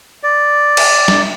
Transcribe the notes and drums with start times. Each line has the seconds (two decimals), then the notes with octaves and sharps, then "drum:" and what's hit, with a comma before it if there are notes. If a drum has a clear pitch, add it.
0.23 D5
0.77 drum: cymbal
1.08 drum: snare